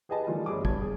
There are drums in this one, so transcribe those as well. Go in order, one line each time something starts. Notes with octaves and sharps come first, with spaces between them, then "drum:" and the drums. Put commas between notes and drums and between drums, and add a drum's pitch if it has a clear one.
G4 G#4 B4 D#5 G#5 A5
D#3 E3 G3 A3 F4
G1 G3 G#4 D6
G2 A5 G#6, drum: kick
G#4